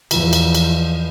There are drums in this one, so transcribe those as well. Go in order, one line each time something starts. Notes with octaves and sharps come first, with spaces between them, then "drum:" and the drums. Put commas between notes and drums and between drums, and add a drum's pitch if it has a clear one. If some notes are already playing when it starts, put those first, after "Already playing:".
E2 F3, drum: cymbal
drum: cymbal
drum: cymbal